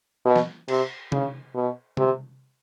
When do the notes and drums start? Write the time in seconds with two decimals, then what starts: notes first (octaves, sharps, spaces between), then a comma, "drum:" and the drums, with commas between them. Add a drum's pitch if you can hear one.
0.26 B2
0.36 drum: snare
0.68 C3, drum: cymbal
1.12 C#3, drum: tom C3
1.55 B2
1.97 C3, drum: tom C3